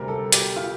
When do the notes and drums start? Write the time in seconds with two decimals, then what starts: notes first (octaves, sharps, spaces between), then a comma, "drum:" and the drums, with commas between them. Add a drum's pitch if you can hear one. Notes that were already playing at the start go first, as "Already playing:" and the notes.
Already playing: D2 C3 G3 A#4
0.08 A4
0.32 G4, drum: hi-hat
0.56 F4